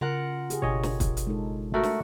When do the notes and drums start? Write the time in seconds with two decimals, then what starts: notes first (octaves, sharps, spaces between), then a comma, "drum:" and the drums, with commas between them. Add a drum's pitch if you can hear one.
0.01 C#3 F4 A#4 F#5
0.50 G4 G#4, drum: hi-hat
0.62 G1 B2 D4 C#5 D#5 G#5
0.83 drum: snare
1.00 drum: kick, hi-hat
1.17 drum: hi-hat
1.27 G#3 D#4 A4
1.74 A3 F#4 A#4
1.83 drum: snare